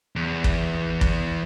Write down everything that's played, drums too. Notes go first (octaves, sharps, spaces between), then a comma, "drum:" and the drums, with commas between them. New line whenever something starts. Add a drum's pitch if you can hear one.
E2
drum: kick
drum: kick